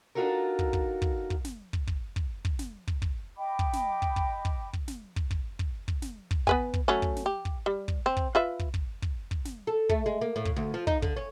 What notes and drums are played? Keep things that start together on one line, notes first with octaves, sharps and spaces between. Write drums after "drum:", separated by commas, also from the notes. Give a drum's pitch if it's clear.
D4 D#4 F4 F#4 A4 A#4
drum: kick
drum: kick
drum: kick
drum: kick
drum: snare
drum: kick
drum: kick
drum: kick
drum: kick
drum: snare
drum: kick
drum: kick
D#5 G5 B5 D6
drum: kick
drum: snare
drum: kick
drum: kick
drum: kick
drum: kick
drum: snare
drum: kick
drum: kick
drum: kick
drum: kick
drum: snare
drum: kick
B3 B4 G#5, drum: kick
drum: kick
F#3 A3 C#4
drum: kick
drum: snare
G4
drum: kick
G3
drum: kick
C4
drum: kick
F4 B4 E5
drum: kick
drum: kick
drum: kick
drum: kick
drum: snare
A4
A3, drum: kick
G#3
A#3
A2
drum: kick
D2
F3
D#4, drum: kick
D3, drum: kick
C#4